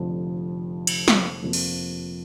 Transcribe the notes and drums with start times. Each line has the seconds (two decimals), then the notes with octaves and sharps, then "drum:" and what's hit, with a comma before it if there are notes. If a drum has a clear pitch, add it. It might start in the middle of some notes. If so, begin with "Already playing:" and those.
Already playing: F1 F2 D3 F3
0.87 drum: cymbal
1.08 drum: snare
1.42 F2 C3 F3 A#3
1.53 drum: cymbal